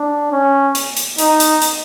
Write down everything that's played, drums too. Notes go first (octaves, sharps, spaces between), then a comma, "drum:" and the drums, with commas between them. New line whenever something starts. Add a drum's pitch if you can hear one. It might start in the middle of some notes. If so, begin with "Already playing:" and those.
Already playing: D4
C#4
drum: hi-hat
drum: hi-hat
D#4, drum: hi-hat
drum: hi-hat
drum: hi-hat